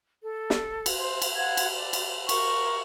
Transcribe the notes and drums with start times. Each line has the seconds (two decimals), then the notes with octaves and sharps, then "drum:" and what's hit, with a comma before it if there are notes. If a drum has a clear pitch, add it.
0.23 A4
0.50 drum: snare
0.86 drum: cymbal
0.96 C5
1.22 drum: cymbal
1.37 F5 F#5 G#6
1.57 drum: cymbal
1.73 D5
1.93 drum: cymbal
2.29 A#4 C#6, drum: cymbal